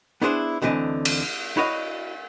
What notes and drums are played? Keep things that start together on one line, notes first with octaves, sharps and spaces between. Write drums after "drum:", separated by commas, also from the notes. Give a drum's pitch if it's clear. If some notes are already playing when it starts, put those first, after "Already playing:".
B3 D4 E4 G#4 C5
D2 D3 E3 C4 D#5
drum: cymbal
E4 F#4 C#5 D#5 F5